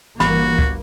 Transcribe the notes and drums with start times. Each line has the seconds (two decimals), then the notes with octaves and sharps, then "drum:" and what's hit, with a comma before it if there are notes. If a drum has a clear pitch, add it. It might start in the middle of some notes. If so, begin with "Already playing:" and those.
0.20 G1 G2 E3 A#3 F#4 B5, drum: snare
0.59 drum: kick C#2